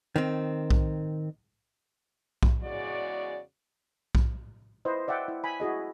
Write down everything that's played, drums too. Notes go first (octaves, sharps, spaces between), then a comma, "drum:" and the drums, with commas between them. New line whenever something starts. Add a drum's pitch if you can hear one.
D#3 C4
drum: kick B1
drum: kick B1
E2 C#3 G#3 F#4 D5
drum: kick B1
E4 B4 C5 D#5
D5 E5 F#5 G5
E4
G#5 B5
E4 F#4 G#4 D#5